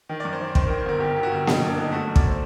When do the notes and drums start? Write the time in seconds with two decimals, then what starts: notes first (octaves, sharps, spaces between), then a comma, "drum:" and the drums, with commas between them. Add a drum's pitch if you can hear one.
0.09 D#3
0.20 F#2 D5
0.33 C5
0.40 D#3 D5
0.55 D#3 C5, drum: kick
0.67 D#3 A#4
0.78 C5
0.86 G1 A#4
1.00 G1 G4
1.16 G1 G4
1.23 F#4
1.32 G1
1.47 G1 D#4, drum: snare A#3
1.59 F#2 D#4
1.69 D4
1.78 G1 D#4
1.92 A3 F#4
2.08 F#2
2.16 D5, drum: kick
2.27 C5